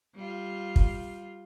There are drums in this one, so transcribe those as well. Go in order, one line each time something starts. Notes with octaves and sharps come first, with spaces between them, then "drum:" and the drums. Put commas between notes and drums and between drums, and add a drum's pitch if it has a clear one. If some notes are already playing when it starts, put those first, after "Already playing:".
G3 F4
drum: kick